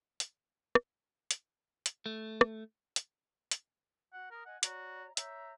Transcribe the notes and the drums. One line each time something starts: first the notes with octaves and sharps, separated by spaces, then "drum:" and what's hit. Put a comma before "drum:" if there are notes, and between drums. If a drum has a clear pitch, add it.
drum: hi-hat
drum: rim click
drum: hi-hat
drum: hi-hat
A3
drum: rim click
drum: hi-hat
drum: hi-hat
F#4 F#5
A#4 D#6
D#5 F#5 G#5
F#4 C#5 D5 A#5, drum: hi-hat
C#5 E5 A#5 G6, drum: hi-hat